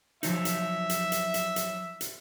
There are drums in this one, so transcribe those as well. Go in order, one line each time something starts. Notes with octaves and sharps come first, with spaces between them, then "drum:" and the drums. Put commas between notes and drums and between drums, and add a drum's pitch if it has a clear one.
F3 F#3 D#4 E5, drum: hi-hat
drum: hi-hat
drum: hi-hat
drum: hi-hat
drum: hi-hat
drum: hi-hat
drum: hi-hat